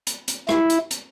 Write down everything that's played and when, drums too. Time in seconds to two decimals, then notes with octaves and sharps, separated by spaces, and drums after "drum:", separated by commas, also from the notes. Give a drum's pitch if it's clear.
0.07 drum: hi-hat
0.28 drum: hi-hat
0.49 E4, drum: rim click
0.70 drum: hi-hat
0.91 drum: hi-hat